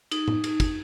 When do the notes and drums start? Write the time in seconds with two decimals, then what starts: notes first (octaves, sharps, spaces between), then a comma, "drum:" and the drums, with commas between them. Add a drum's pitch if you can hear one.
0.11 D#4, drum: cymbal
0.28 drum: tom A2
0.44 drum: cymbal
0.60 drum: kick, cymbal